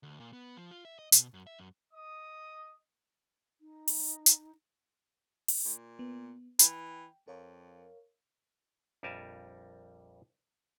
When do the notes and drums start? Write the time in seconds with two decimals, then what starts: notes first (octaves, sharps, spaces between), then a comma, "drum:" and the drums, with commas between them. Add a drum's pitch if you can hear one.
0.03 D2
0.20 A#2
0.33 B3
0.57 F3
0.71 F4
0.85 E5
0.99 D#5
1.12 B2, drum: hi-hat
1.34 F#2
1.47 E5
1.59 F#2
1.94 D#5 D#6
3.61 D#4
3.88 drum: open hi-hat
4.26 drum: hi-hat
5.48 drum: open hi-hat
5.65 A#2
5.99 B3
6.59 E3 G5, drum: hi-hat
7.28 F2 A#4 C#5 F5
9.03 A#1 F2 G3 A#4 G#5 A5